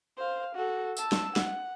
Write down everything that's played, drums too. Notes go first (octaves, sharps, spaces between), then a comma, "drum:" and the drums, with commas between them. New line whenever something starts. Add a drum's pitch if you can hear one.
C5 F5
F#4 A4
A5 E6, drum: tambourine
drum: snare
F#5, drum: snare